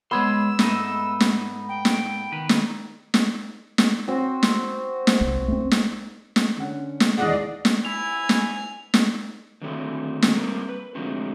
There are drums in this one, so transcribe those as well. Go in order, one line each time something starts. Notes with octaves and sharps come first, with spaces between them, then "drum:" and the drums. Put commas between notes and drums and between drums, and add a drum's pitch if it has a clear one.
G#3 B3 C#5 C6 E6
G#2 A3 D#4, drum: snare
drum: snare
G5
drum: snare
D#3 B4
drum: snare
drum: snare
drum: snare
C4 F#4
drum: snare
drum: snare
C2
A3 C4
drum: snare
drum: snare
D3 C#4 F#5
drum: snare
E1 D#2 E3 G#4 D5 D#5 F#5
drum: snare
E4 G#5 F7
drum: snare
drum: snare
D3 D#3 F#3 A3 B3 C4
drum: snare
G3 A#3 C4 A#4
B4
D3 F3 F#3 G#3 A3 C4